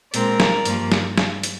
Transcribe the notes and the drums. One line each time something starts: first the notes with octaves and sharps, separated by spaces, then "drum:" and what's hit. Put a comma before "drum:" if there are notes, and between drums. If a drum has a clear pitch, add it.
A#2 G#3 C4 A#4 D5, drum: hi-hat
drum: snare
G2 F3 A#3, drum: hi-hat
drum: snare
drum: snare
drum: hi-hat